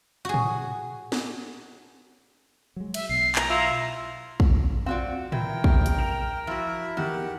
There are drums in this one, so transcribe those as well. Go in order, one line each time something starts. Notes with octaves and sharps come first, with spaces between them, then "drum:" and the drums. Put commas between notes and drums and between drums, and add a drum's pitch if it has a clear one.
F#4 G#4
drum: tom A2
drum: snare
F#3 G#3
E5, drum: cymbal
B1 B2 C7
A#5, drum: clap
E4 F4 E5
drum: kick
C4 F4 F#4 D5 F5 F#5
E3 A#4 G5, drum: tom A2
A#1 C3, drum: kick
drum: hi-hat
F6 E7 F7
F3 E4 F#4 E5
E2 D#3 G4 F#5